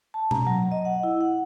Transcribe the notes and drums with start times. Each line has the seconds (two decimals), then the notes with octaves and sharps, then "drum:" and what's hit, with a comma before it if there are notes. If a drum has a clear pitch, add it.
0.14 A5
0.31 A#5, drum: tom B2
0.47 F#3
0.72 D#5
0.85 F#5
1.03 E4
1.21 F#5